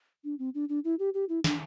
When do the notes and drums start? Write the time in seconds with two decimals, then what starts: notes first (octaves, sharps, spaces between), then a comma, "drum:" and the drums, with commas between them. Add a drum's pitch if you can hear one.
0.24 D4
0.39 C4
0.55 D4
0.69 D4
0.85 E4
0.99 G4
1.14 G4
1.29 E4
1.44 D4, drum: snare